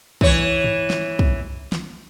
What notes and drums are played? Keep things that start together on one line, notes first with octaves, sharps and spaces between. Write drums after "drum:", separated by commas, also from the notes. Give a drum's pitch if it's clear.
E3 C#5, drum: kick
drum: tom G2
drum: snare
drum: kick
drum: snare